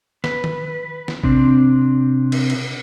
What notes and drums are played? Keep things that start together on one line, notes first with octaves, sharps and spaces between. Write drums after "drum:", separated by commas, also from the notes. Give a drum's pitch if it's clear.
B4, drum: snare
drum: tom D#3
drum: snare
C3 C4 D4, drum: kick G#1
drum: cymbal
drum: cymbal